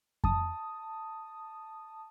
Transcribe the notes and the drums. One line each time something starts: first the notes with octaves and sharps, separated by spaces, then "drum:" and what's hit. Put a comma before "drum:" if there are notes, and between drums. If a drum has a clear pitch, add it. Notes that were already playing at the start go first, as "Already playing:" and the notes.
A5 D#6, drum: kick F2